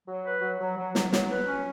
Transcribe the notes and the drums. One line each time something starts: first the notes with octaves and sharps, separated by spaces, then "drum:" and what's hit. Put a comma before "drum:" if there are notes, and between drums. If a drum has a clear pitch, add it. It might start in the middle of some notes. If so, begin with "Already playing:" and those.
F#3
B4
F#3
F#3
F#3
F#3, drum: snare
F#3, drum: snare
B4
C#4